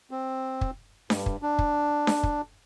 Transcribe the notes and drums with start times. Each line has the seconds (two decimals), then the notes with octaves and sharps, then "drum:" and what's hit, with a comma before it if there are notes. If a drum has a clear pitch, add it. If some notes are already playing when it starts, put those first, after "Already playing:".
0.11 C4
0.61 drum: kick
1.10 G2, drum: snare D4
1.26 drum: kick
1.42 D4
1.59 drum: kick
2.07 drum: snare D4
2.23 drum: kick